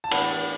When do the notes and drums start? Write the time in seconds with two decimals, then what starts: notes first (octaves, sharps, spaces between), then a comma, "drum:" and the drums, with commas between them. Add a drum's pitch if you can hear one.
0.04 A5
0.11 A2 E3 B3 D4 F#5 B5, drum: cymbal